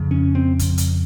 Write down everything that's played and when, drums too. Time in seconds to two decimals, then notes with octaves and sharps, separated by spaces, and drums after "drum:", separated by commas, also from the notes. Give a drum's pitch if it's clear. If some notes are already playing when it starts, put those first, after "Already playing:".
Already playing: F2 C#3
0.11 C#4
0.35 C4
0.59 drum: kick, hi-hat
0.78 drum: hi-hat